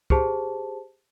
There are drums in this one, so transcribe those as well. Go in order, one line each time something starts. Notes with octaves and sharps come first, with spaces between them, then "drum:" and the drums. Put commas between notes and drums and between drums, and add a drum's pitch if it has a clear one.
G4 G#4 C5 A5, drum: kick